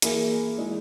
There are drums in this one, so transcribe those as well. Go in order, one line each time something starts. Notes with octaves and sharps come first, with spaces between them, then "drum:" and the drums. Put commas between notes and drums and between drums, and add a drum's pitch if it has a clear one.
E3 A#3 E4 G#4, drum: hi-hat
E3 G#3 D#4 G#4